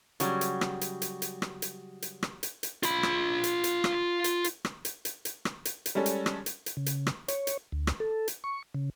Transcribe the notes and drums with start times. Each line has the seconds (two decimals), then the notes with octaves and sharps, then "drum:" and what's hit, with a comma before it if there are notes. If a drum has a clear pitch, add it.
0.20 C#3 F#3 G3, drum: hi-hat
0.41 drum: hi-hat
0.61 drum: rim click
0.81 drum: hi-hat
1.02 drum: hi-hat
1.22 drum: hi-hat
1.42 drum: rim click
1.62 drum: hi-hat
2.02 drum: hi-hat
2.23 drum: rim click
2.43 drum: hi-hat
2.63 drum: hi-hat
2.83 F4 B5, drum: hi-hat
3.03 drum: rim click
3.44 drum: hi-hat
3.64 drum: hi-hat
3.84 drum: rim click
4.24 drum: hi-hat
4.44 drum: hi-hat
4.65 drum: rim click
4.85 drum: hi-hat
5.05 drum: hi-hat
5.25 drum: hi-hat
5.45 drum: rim click
5.65 drum: hi-hat
5.86 drum: hi-hat
5.95 G3 G#3 C#4 A4
6.06 drum: hi-hat
6.26 drum: rim click
6.46 drum: hi-hat
6.66 drum: hi-hat
6.77 C#3
6.86 drum: hi-hat
7.07 drum: rim click
7.28 C#5, drum: hi-hat
7.47 drum: hi-hat
7.72 D2
7.87 drum: rim click
8.00 A4
8.28 drum: hi-hat
8.44 C#6
8.75 C#3